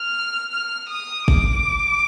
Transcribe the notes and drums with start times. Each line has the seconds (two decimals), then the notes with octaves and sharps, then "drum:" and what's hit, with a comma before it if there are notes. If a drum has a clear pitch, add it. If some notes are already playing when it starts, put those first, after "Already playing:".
Already playing: F6
0.52 F6
0.89 D#6
1.28 D6, drum: kick